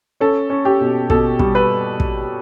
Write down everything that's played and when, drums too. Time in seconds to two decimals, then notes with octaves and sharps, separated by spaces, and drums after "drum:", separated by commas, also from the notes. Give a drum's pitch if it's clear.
0.20 C#4 A4
0.50 C#4
0.65 G4
0.81 B2
1.10 B2 A4, drum: kick
1.39 G3, drum: kick
1.55 B4
2.00 drum: kick